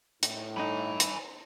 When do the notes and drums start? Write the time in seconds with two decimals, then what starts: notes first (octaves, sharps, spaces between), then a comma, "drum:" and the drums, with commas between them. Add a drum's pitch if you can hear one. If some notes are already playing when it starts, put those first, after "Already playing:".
0.23 A2, drum: hi-hat
0.57 G2 D#4 G#5 B5
1.00 drum: hi-hat